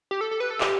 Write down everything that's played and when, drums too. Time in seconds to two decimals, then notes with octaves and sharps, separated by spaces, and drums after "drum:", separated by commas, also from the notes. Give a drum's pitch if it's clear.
0.11 G4
0.21 A4
0.31 A4
0.40 B4
0.51 A4
0.61 G4, drum: clap